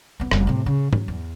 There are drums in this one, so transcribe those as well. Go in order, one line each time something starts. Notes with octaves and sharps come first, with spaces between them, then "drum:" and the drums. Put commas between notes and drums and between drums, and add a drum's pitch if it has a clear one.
D#1 B3
F1 G3, drum: rim click
A2 C3
C#3
F#3, drum: tom G#2
E2